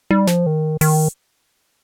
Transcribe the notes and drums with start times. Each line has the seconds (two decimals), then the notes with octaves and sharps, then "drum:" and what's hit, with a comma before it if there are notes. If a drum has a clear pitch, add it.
0.11 G3, drum: tom D#4
0.27 F3, drum: snare
0.46 D#3
0.81 D#3, drum: open hi-hat